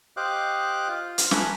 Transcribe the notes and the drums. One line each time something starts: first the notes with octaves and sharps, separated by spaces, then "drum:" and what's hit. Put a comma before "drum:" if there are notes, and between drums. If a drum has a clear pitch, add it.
G4 C5 D#5 F5 D6 F#6
F4
drum: hi-hat
A3 B4 G#5 A#5 B5, drum: snare